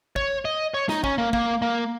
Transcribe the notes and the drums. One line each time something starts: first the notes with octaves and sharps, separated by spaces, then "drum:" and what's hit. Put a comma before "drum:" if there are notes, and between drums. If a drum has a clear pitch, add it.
C#5, drum: kick
D#5
C#5
D#4, drum: snare
C#4, drum: kick
A#3
A#3, drum: kick
A#3